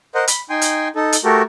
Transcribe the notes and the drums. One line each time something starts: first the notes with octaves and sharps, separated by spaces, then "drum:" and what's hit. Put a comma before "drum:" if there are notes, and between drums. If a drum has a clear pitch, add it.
A#4 C5 D#5 F#5
B5, drum: hi-hat
D#4 G5 G#5 C6
drum: hi-hat
D#4 A4
drum: hi-hat
A3 F#4 G4 A4 A#4